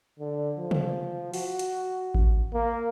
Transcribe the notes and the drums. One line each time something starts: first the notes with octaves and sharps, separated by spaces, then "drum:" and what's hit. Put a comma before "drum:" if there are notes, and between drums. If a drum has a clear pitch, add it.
D3
F3
drum: tom
F#4, drum: open hi-hat
drum: hi-hat
drum: kick A1
A#3